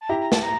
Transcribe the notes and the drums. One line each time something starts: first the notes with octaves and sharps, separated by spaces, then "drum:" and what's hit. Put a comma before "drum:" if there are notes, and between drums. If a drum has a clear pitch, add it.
A5
E4 G4 A#5
A#5
A5, drum: snare
A#5